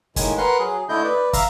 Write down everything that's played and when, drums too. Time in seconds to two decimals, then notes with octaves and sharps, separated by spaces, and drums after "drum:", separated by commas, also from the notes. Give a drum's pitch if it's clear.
0.16 D#2 A2 D#3 G#3 G#5, drum: kick, hi-hat
0.38 A#4 B4 F#5 C6 F#6
0.59 F#3 G#4
0.89 D3 A3 E4 D#5 G6
1.04 B4 D5
1.33 E5 F5 A#5, drum: kick, hi-hat